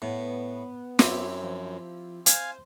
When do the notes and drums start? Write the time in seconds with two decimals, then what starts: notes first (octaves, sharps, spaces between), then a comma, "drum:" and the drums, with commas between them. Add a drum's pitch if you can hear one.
0.02 A2 B3
0.99 F#2 C4 E4 G4, drum: snare
1.44 F3
2.26 C5 F5 G#5, drum: hi-hat